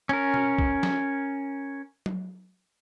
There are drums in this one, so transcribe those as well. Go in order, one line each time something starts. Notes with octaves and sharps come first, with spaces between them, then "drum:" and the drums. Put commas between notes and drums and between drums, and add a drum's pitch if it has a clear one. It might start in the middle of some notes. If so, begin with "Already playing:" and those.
C#4 A#4
drum: tom B2
drum: kick
drum: snare
drum: tom F#3